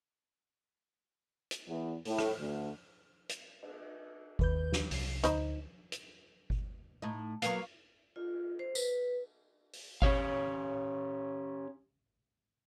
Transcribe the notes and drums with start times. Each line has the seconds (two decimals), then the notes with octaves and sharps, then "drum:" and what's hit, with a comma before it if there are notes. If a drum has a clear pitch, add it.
1.51 drum: hi-hat
1.67 E2
2.05 A2, drum: open hi-hat
2.18 drum: rim click
2.39 D2
3.29 drum: hi-hat
3.62 drum: cymbal
4.39 D#2 B4 G6, drum: kick G1
4.73 drum: snare
4.91 C2 C7, drum: open hi-hat
5.24 D2 D#4 C5 B5, drum: hi-hat
5.92 drum: hi-hat
6.50 drum: kick G1
7.02 A2 D#4
7.42 F#3 A#3 B3 F5 C#6, drum: hi-hat
8.16 F4, drum: cymbal
8.59 C5
8.75 B4, drum: tambourine
9.73 drum: open hi-hat
10.02 C#4 G4 C#5 F5, drum: kick G1